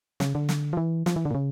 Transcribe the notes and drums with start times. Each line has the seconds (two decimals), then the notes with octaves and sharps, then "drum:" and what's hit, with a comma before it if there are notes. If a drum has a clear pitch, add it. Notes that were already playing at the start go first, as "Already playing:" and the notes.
0.20 C#3, drum: snare
0.35 D3
0.49 drum: snare
0.73 F3
0.77 E3
1.06 F3, drum: snare
1.16 E3
1.25 D3
1.31 A#2
1.35 C#3